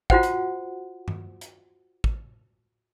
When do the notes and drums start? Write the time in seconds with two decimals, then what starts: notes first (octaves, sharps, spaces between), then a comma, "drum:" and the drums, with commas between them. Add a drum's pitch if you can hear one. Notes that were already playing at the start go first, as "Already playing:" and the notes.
0.10 F4 F#4 C5 F#5, drum: kick
0.23 drum: hi-hat
1.08 drum: tom G2
1.41 drum: hi-hat
2.04 drum: kick